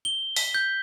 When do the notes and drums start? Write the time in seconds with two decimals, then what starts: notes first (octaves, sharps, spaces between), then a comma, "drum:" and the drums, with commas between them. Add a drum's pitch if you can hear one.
0.05 G7
0.36 B6, drum: open hi-hat
0.54 G6